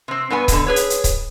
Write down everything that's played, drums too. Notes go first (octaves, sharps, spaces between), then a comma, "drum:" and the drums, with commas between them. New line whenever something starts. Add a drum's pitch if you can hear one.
C3 C4
G2 B3 B4 G#5
B2 D3, drum: kick C#1, hi-hat
G#4 B4 C#5
drum: hi-hat
drum: hi-hat
drum: kick C#1, hi-hat